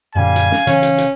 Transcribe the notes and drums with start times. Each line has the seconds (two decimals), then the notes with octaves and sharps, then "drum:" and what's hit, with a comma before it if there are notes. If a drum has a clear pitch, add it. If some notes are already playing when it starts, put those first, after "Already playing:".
0.16 F#2 A#2 D3 G3 F5 G#5
0.36 drum: hi-hat
0.51 drum: snare
0.67 C#3 E3 C#4, drum: hi-hat
0.83 drum: hi-hat
0.98 drum: hi-hat